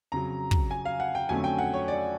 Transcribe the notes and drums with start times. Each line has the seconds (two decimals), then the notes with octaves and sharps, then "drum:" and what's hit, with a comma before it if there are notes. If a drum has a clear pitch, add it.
0.12 F2 C#3 F#3 A#5
0.51 drum: kick
0.71 G#5
0.85 F5
1.00 F#5
1.15 G5
1.29 F2 D3 F#3 A3 C#4 G#5
1.44 G5
1.59 F#5
1.74 C#5
1.88 D5